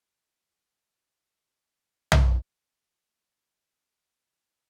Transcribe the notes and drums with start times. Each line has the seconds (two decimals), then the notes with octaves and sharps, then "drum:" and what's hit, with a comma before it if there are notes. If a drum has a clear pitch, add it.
0.06 G2
0.46 E5
0.85 D4
1.11 A#3 F4 G#4 C5 D5
2.12 drum: tom B1
4.04 A#3 G4